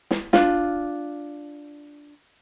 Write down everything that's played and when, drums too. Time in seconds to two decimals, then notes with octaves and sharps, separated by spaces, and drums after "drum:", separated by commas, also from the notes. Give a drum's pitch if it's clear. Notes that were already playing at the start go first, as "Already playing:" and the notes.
0.11 drum: snare
0.33 D4 F4, drum: snare